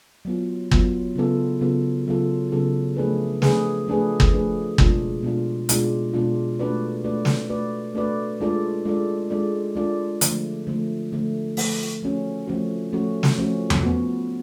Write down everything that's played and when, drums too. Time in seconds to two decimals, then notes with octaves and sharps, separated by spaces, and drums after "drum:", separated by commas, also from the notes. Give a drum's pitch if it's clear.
0.25 F#3 B3 F4
0.71 F#3 B3 F4, drum: kick
1.16 C#3 F#3 B3 F4 A4
1.61 C#3 F#3 B3 F4 A4
2.07 C#3 F#3 B3 F4 A4
2.52 C#3 F#3 B3 F4 A4
2.97 F3 A3 D4 G#4 B4
3.42 F3 A3 D4 G#4 B4, drum: snare
3.88 F3 A3 D4 G#4 B4
4.20 drum: kick
4.33 F3 A3 D4 G#4 B4
4.78 B2 G#3 D4 F4, drum: kick
5.23 B2 G#3 D4 F4
5.69 B2 G#3 D4 F4, drum: hi-hat
6.13 B2 G#3 D4 F4
6.59 A3 D4 F#4 B4 D5
7.04 A3 D4 F#4 B4 D5
7.25 drum: snare
7.50 A3 D4 F#4 B4 D5
7.95 A3 D4 F#4 B4 D5
8.41 G#3 D4 F4 A4 D5
8.86 G#3 D4 F4 A4 D5
9.30 G#3 D4 F4 A4 D5
9.75 G#3 D4 F4 A4 D5
10.21 D3 F3 A3, drum: hi-hat
10.67 D3 F3 A3
11.12 D3 F3 A3
11.57 D3 F3 A3, drum: open hi-hat
12.02 F3 A3 C#4 F#4
12.47 F3 A3 C#4 F#4
12.93 F3 A3 C#4 F#4
13.23 drum: snare
13.38 F3 A3 C#4 F#4
13.70 drum: tom E2
13.83 F3 B3 F#4